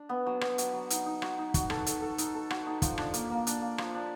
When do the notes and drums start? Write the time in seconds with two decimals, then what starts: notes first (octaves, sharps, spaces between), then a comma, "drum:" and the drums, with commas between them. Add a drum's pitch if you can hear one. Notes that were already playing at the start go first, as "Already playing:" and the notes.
Already playing: D4
0.09 B3
0.26 F#3
0.41 B3, drum: rim click
0.58 F#3, drum: hi-hat
0.73 F#3
0.90 D#4, drum: hi-hat
1.06 D#4
1.22 F#4, drum: rim click
1.38 D#4
1.54 F#4, drum: kick, hi-hat
1.70 A4, drum: rim click
1.86 A4, drum: hi-hat
2.01 A4
2.18 D#4, drum: hi-hat
2.34 A4
2.50 F#4, drum: rim click
2.67 D#4
2.82 F3, drum: kick, hi-hat
2.98 D4, drum: rim click
3.14 A#3, drum: hi-hat
3.30 A#3
3.47 D4, drum: hi-hat
3.62 A#3
3.78 F3, drum: rim click
3.95 D4